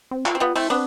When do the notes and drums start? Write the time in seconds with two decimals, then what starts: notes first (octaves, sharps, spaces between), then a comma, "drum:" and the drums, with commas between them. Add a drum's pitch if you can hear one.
0.11 C4
0.26 F4, drum: clap
0.35 C4
0.40 G3 B3 F4
0.56 A3 C4 E4, drum: open hi-hat
0.70 B3 C4 D4